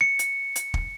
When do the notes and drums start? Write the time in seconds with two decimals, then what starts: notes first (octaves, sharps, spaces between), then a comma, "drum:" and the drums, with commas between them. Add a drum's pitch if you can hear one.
0.01 C#7
0.19 drum: hi-hat
0.56 drum: hi-hat
0.74 drum: kick